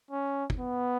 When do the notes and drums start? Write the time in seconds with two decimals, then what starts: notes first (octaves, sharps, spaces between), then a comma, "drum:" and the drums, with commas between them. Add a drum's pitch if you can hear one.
0.11 C#4
0.50 drum: kick
0.60 B3